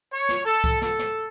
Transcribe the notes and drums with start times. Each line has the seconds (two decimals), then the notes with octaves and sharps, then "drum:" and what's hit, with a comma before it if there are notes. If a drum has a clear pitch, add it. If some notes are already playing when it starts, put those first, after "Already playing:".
0.12 C#5
0.29 drum: snare
0.45 A4
0.64 drum: kick C2, tambourine
0.81 A4, drum: snare
0.99 drum: snare